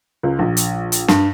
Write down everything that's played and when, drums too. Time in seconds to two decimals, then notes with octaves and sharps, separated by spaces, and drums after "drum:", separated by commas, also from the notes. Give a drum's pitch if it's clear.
0.23 C#2
0.39 A#1
0.57 drum: hi-hat
0.92 drum: hi-hat
1.08 G2, drum: snare